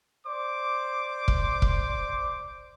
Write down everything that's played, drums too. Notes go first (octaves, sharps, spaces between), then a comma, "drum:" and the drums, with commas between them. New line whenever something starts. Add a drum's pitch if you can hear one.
C5 D5 D6
drum: kick
drum: kick